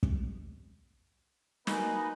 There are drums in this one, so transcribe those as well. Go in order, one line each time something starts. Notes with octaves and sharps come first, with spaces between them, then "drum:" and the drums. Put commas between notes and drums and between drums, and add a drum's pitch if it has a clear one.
drum: kick
G3 A#3 D#4 F#4 B4 D#5 G#5 B5, drum: snare